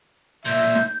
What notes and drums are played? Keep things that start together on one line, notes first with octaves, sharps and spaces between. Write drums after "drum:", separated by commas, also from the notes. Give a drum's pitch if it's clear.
B1 A#2 E5 G6, drum: open hi-hat
drum: hi-hat
drum: snare